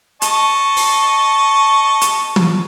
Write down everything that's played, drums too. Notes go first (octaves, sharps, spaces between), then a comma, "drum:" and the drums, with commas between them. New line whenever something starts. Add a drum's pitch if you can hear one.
D#5 A5 C#6, drum: hi-hat
drum: open hi-hat
drum: hi-hat
drum: tom E3